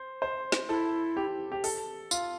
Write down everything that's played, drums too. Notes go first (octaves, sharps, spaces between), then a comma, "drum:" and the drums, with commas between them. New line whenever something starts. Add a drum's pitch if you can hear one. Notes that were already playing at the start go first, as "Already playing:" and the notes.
Already playing: C5
C5
drum: snare
E4 A4
G4
G4
A4, drum: open hi-hat
F4, drum: tambourine